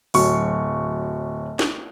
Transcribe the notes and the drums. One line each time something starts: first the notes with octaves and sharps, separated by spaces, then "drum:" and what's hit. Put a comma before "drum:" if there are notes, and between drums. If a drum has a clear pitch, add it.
D1 F#3 C#6, drum: open hi-hat
drum: snare